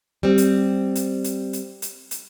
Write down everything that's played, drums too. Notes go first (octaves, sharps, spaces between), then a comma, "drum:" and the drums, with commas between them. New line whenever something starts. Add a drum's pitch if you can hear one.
G3 C4
drum: hi-hat
drum: hi-hat
drum: hi-hat
drum: hi-hat
drum: hi-hat
drum: hi-hat